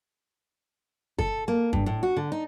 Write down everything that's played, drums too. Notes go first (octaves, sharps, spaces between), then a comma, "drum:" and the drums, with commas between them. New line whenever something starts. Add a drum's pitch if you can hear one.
A4, drum: kick
A#3
G2, drum: kick
A2
F#4
D3
D#4